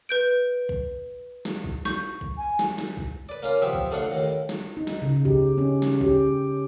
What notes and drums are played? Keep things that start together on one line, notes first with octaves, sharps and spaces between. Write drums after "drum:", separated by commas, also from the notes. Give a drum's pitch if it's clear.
B4 G6 D7
drum: kick B1
drum: snare
drum: kick B1
C#6 G6, drum: snare
drum: kick B1
G#5
drum: snare
drum: snare
drum: kick B1
B4 D5
A#3 C#4 F4
F3 B3 C4 G4 E5
drum: kick B1
A1 A3 D4 F4 F#5
D#2 A2
drum: snare
D#4
drum: snare
C#3
G4, drum: kick B1
C#4
drum: snare
G4, drum: kick B1